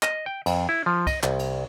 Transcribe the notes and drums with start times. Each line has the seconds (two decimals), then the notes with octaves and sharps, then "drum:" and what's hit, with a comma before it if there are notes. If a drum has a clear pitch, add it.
0.03 D#5, drum: clap
0.26 G5
0.46 F2, drum: cymbal
0.69 E4
0.86 F3
1.07 D#5, drum: kick, cymbal
1.23 C2, drum: clap
1.39 drum: cymbal